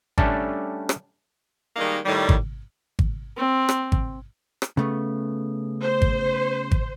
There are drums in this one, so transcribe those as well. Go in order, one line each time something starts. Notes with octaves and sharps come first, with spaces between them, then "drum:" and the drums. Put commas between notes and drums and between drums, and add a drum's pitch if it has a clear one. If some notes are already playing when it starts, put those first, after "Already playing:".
G3 A3 C#4 D4 A4, drum: kick G#1
drum: rim click
D#3 G3 G#3 A#3 D#4
A2 D#3 G3
drum: kick G#1
drum: kick G#1
C4
drum: rim click
drum: kick G#1
drum: rim click
C#3 A3 B3
C5
drum: kick G#1
drum: kick G#1